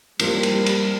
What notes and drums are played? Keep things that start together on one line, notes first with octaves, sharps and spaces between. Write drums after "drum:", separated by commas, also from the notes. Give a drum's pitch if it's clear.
F3 G3 A#3 F4, drum: cymbal
drum: cymbal
drum: cymbal